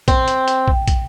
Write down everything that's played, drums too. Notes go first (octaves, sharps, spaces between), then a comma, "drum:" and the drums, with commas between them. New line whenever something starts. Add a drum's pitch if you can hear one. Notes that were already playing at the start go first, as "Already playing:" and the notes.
C4, drum: kick, hi-hat
drum: hi-hat
drum: hi-hat
drum: kick
drum: kick, hi-hat